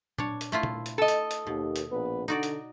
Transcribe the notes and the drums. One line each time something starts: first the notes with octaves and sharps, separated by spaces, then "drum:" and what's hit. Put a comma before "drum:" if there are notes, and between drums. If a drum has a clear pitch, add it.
D4 C#5, drum: tom A#2
drum: hi-hat
A3 E4 F4
drum: tom A#2
drum: hi-hat
A4 D#5
drum: hi-hat
drum: hi-hat
D#2 B2
drum: hi-hat
A#1 B3 B4
D3 D#4 F#4 D5
drum: hi-hat